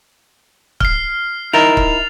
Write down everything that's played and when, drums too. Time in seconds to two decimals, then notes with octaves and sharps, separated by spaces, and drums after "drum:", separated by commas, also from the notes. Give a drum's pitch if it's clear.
0.80 F6 C7, drum: kick
1.53 D#4 E4 A#4 A6 F7
1.77 drum: kick